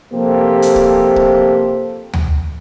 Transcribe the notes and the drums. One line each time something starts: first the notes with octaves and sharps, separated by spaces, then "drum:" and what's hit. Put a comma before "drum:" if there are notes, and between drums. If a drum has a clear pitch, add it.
C3 F3 A#3 G4 A4 C5
drum: hi-hat
drum: kick
drum: kick
drum: tom D2